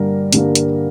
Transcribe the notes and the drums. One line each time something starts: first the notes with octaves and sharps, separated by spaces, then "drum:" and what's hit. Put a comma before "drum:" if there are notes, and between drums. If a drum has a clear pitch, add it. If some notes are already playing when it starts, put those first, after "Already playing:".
Already playing: G2 D3 G3 A#3 A#4
G2 D3 G3 A#3, drum: hi-hat
drum: hi-hat